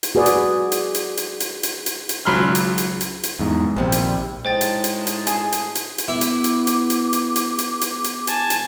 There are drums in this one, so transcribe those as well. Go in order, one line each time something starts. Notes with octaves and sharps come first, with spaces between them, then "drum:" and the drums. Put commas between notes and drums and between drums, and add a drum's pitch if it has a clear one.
drum: hi-hat
F#4 G#4 B4 D5
drum: hi-hat
drum: hi-hat
drum: hi-hat
drum: hi-hat
drum: hi-hat
drum: hi-hat
drum: hi-hat
drum: hi-hat
G#1 C#2 F#3 B5 C6 F6
drum: hi-hat
drum: hi-hat
drum: hi-hat
drum: hi-hat
E2 G#2
A#1 D#2 C3 G3
drum: hi-hat
A2 G#3 D#4 C5 G5 A5 A6
drum: hi-hat
drum: hi-hat
drum: hi-hat
G#4, drum: hi-hat
drum: hi-hat
drum: hi-hat
drum: hi-hat
B3 E4 D6
drum: hi-hat
drum: hi-hat
drum: hi-hat
drum: hi-hat
drum: hi-hat
drum: hi-hat
drum: hi-hat
drum: hi-hat
drum: hi-hat
G#5 A5, drum: hi-hat
drum: hi-hat